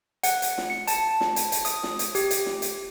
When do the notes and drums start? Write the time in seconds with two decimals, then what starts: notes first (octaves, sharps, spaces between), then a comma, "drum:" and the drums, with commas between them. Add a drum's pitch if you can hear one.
0.23 F#5, drum: hi-hat
0.42 drum: hi-hat
0.58 drum: snare
0.70 C#7
0.87 A5, drum: hi-hat
1.21 drum: snare
1.36 drum: hi-hat
1.52 drum: hi-hat
1.65 D#6, drum: hi-hat
1.83 drum: snare
1.99 drum: hi-hat
2.15 G4, drum: hi-hat
2.31 drum: hi-hat
2.46 drum: snare
2.62 drum: hi-hat